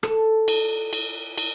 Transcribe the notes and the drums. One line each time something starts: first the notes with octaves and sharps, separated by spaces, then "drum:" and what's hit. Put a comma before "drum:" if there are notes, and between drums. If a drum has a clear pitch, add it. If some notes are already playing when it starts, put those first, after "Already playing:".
A4, drum: rim click
drum: cymbal
drum: cymbal
drum: cymbal